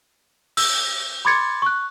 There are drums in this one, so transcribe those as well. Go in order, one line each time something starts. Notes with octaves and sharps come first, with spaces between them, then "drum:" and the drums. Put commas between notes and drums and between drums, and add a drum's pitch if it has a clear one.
E6, drum: open hi-hat
B5 C6 D6 G#6 A6 C#7
C#6 F#6